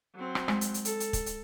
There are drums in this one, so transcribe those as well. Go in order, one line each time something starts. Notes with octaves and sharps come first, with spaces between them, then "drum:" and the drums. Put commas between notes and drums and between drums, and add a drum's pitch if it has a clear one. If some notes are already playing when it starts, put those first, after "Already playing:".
F#3 C4
drum: rim click
G#3, drum: rim click
drum: hi-hat
drum: hi-hat
A4, drum: hi-hat
drum: hi-hat
drum: kick, hi-hat
drum: hi-hat